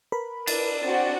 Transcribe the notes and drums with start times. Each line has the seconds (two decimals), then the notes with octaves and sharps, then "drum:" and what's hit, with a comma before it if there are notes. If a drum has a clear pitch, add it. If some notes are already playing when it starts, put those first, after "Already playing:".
0.12 A#4 B4 B5
0.47 D4, drum: cymbal
0.83 C4 F#4 A6